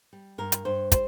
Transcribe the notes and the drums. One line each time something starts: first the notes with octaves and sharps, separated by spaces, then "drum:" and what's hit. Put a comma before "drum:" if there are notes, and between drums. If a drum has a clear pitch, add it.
G3
G2 A#4
drum: hi-hat
G2 C5
G3 C5, drum: kick, hi-hat